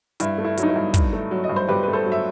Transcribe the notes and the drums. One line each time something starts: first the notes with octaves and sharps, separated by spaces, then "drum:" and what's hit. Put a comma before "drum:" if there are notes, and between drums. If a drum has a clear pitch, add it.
G2 E4, drum: hi-hat
A3
E4
F#3, drum: hi-hat
D#4
E4
G2
G2, drum: kick, hi-hat
A3
F#3
D#5
G2
C5
G2 G4 B4
A3 B4
A4 C5
F#3
E5